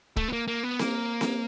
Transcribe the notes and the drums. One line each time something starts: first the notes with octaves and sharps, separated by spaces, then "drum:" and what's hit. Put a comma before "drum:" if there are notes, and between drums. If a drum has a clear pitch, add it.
A3, drum: kick
B3
A#3
A#3
B3
A#3, drum: snare C4
drum: snare C4